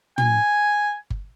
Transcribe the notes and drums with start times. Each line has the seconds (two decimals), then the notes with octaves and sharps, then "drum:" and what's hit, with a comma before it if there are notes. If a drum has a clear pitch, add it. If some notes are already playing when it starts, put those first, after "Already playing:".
0.18 G#5, drum: tom
1.10 drum: kick G1